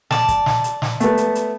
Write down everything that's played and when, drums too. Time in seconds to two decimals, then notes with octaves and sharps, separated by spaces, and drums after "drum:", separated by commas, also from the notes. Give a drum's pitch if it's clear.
0.11 D5 A5, drum: snare
0.28 drum: kick, hi-hat
0.46 drum: snare
0.64 drum: hi-hat
0.82 drum: snare
1.00 A3 B3, drum: hi-hat
1.17 drum: hi-hat
1.35 drum: hi-hat